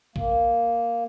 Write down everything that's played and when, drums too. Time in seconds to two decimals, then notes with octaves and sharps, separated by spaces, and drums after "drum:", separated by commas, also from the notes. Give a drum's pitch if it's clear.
0.16 A#3, drum: kick A#1